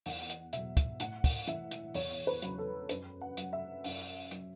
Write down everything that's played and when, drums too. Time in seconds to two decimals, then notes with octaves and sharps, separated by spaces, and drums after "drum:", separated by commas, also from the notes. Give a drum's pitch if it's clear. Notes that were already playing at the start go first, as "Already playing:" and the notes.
0.06 E2 F#5, drum: open hi-hat
0.29 drum: hi-hat
0.53 B2 F#3 E5, drum: hi-hat
0.77 drum: kick, hi-hat
1.00 A2 F#5, drum: hi-hat
1.24 drum: kick, open hi-hat
1.47 E3 E5, drum: hi-hat
1.71 drum: hi-hat
1.94 E2 C#5, drum: open hi-hat
2.27 B4
2.42 C#3 F#3, drum: hi-hat
2.58 A4
2.89 F#2 B4, drum: hi-hat
3.21 F#5
3.37 F#3, drum: hi-hat
3.53 E5
3.84 F#2, drum: open hi-hat
4.31 F#3, drum: hi-hat